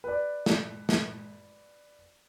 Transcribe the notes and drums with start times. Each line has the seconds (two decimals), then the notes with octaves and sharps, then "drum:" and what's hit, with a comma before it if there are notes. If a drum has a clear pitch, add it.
0.04 B4 D5
0.46 drum: snare
0.89 drum: snare